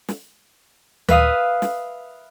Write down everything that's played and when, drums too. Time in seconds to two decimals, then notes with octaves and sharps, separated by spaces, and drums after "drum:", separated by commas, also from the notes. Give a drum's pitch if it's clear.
0.09 drum: snare
1.08 B4 E5 F5 D#6, drum: tom D2
1.62 drum: snare